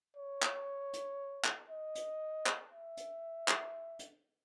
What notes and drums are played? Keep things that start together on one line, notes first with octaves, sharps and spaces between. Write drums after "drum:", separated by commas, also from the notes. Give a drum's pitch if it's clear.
C#5
drum: clap
drum: hi-hat
drum: clap
D#5
drum: hi-hat
drum: clap
E5
drum: hi-hat
drum: clap
drum: hi-hat